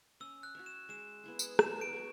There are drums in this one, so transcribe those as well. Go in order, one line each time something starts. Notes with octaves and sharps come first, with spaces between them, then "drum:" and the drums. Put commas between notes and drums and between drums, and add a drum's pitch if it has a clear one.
C#4 E6
F#6
F#4 C#5 E5
E7
G#3 E7
B3 E4 G#4
drum: tambourine
B3 E7, drum: rim click
D7
F#4 C#5